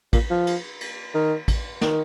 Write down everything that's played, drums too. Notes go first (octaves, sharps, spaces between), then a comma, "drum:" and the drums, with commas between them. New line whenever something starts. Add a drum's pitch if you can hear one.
A#2, drum: kick A1, cymbal
F3
drum: cymbal
drum: cymbal
D#3
drum: kick A1, cymbal
D#3, drum: snare